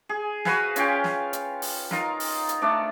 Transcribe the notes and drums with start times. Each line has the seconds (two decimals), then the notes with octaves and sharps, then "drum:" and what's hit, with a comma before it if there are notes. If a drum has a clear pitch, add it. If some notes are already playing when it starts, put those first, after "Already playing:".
0.09 G#4
0.45 F#4 B4 F5 G#5, drum: snare
0.76 C#4 F4 F5 G5, drum: hi-hat
1.04 drum: snare
1.33 drum: hi-hat
1.62 drum: open hi-hat
1.91 D#4 F4 A#4, drum: snare
2.20 drum: open hi-hat
2.49 drum: hi-hat
2.62 A3 D4 D5